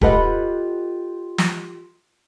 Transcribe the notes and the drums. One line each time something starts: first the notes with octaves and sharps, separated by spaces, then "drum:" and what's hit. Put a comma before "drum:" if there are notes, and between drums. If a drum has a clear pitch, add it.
F4 G4 A4 B4 D#5 F#5, drum: kick D1
drum: snare